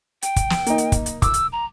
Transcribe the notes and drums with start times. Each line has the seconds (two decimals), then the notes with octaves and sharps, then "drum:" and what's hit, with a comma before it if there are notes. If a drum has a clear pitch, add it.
0.22 G5, drum: hi-hat
0.36 drum: kick, hi-hat
0.50 drum: snare
0.66 A#3 D#4, drum: hi-hat
0.78 drum: hi-hat
0.92 drum: kick, hi-hat
1.06 drum: hi-hat
1.22 D6 E6, drum: kick, hi-hat
1.34 drum: hi-hat
1.52 A#5